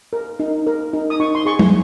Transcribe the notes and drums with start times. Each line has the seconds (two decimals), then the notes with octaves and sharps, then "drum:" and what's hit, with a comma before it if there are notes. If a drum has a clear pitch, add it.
0.13 A#4
0.40 D#4
0.67 A#4
0.93 D#4
1.10 D#6
1.20 D#4 C#6
1.35 C6
1.46 G#4 C#6
1.59 drum: tom G3